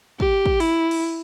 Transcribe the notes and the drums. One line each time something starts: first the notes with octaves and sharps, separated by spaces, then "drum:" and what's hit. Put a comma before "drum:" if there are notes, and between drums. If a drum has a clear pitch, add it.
G4, drum: kick
drum: kick
E4, drum: open hi-hat
drum: cymbal